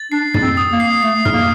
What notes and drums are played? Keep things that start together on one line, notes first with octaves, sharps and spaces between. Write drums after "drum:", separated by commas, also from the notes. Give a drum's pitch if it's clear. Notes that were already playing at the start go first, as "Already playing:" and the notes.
Already playing: A6
D4 C7
A6, drum: tom
C4
D#6
A#3
C7
A3 C7
F6, drum: tom
A#3